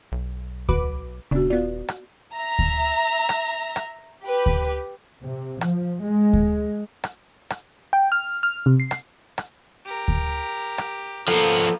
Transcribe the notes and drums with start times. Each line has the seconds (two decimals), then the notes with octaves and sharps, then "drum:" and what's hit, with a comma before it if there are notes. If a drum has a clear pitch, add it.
0.12 B1
0.69 F#4 B4 D6, drum: kick D2
1.31 D#1 C#3 B3 D4 F#4
1.50 B3 F4 D5
1.88 drum: rim click
2.34 E5 A#5
2.59 drum: kick D2
3.29 drum: rim click
3.76 drum: rim click
4.23 G4 B4
4.46 drum: kick D2
5.23 C3
5.61 F3, drum: rim click
6.04 G#3
6.33 drum: kick D2
7.04 drum: rim click
7.50 drum: rim click
7.93 G5
8.12 F6
8.43 F6
8.66 C3
8.80 C7
8.91 drum: rim click
9.38 drum: rim click
9.86 G4 A#4
10.08 drum: kick D2
10.78 drum: rim click
11.28 F3 A#3 B3 A4, drum: rim click